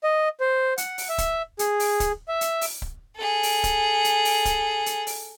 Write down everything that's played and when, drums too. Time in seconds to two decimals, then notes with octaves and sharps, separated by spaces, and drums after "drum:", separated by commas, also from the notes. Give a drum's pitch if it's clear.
0.04 D#5
0.40 C5
0.78 F#5, drum: hi-hat
0.98 drum: open hi-hat
1.09 E5
1.18 drum: kick C#1, hi-hat
1.59 G#4, drum: hi-hat
1.80 drum: open hi-hat
2.00 drum: kick C#1, hi-hat
2.28 E5
2.41 drum: hi-hat
2.61 drum: open hi-hat
2.82 drum: kick C#1
3.16 G#4 A4
3.43 drum: open hi-hat
3.64 drum: kick C#1, hi-hat
4.04 drum: hi-hat
4.25 drum: open hi-hat
4.45 drum: kick C#1, hi-hat
4.86 drum: hi-hat
5.07 drum: open hi-hat